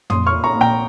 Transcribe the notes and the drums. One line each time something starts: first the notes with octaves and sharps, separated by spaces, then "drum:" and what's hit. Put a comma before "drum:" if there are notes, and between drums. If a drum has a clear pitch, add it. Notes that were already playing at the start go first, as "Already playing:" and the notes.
A#1 C6 D#6, drum: tom
C#6 F6
A#2
A#5 C#6
A#1
G5 A#5